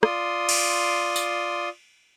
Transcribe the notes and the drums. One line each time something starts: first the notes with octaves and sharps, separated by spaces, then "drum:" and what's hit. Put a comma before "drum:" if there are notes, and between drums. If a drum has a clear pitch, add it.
F4 D5 C6 D#6, drum: rim click
drum: cymbal
drum: tambourine